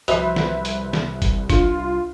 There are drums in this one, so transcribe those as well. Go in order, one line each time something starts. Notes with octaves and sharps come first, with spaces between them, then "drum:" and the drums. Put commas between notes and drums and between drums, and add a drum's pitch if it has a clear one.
C2 F3 F#4 B4 C5 E5, drum: hi-hat
drum: snare
drum: hi-hat
drum: snare
drum: kick, hi-hat
D4 F4, drum: kick, hi-hat